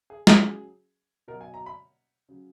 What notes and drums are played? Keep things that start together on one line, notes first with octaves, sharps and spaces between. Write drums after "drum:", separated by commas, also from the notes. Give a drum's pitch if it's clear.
G#4
C#3 F#3 G#4, drum: snare
B2 A#4
F#3
G#5
A#5
B5
C#3 F#3